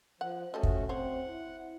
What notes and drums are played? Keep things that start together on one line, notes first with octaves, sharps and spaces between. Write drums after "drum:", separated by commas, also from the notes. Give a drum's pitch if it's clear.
F3 F#5
G3 A3 C#4 F#4 A4 D#5
drum: kick
C4 C5 C#5 F#5
E4